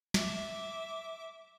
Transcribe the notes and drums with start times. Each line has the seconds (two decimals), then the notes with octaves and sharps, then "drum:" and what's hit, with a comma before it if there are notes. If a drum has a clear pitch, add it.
0.14 E5 D6, drum: snare